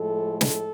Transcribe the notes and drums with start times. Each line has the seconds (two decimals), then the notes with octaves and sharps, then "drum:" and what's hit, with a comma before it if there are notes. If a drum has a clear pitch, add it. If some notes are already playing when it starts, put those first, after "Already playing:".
Already playing: A2 F3 G#3 A4
0.41 A4, drum: snare